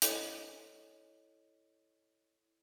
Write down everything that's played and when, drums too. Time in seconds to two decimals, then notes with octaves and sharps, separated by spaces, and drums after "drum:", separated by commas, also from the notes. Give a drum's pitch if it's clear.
0.02 E4 A4 C#5 D#5, drum: hi-hat